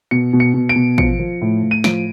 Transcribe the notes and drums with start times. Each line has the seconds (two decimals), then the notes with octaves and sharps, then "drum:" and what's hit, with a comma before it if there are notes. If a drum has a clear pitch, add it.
0.11 B2 C#7
0.33 B2
0.40 C#7
0.54 B2
0.69 D7
0.75 B2
0.98 F3 C#7, drum: kick
1.19 F3
1.42 A2
1.63 A2
1.71 D#7
1.84 F3 D7, drum: snare